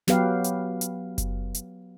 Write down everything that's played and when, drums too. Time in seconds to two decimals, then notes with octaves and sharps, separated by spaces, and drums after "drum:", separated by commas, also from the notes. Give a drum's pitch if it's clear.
0.08 F#3 B3 G4 B4 F5, drum: snare
0.44 drum: hi-hat
0.81 drum: hi-hat
1.18 drum: kick F#1, hi-hat
1.54 drum: hi-hat